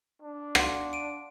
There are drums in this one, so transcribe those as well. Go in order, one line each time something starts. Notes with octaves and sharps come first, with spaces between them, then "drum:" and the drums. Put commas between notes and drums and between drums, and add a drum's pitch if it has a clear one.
D4
F5 F#5 C6, drum: rim click
D7 D#7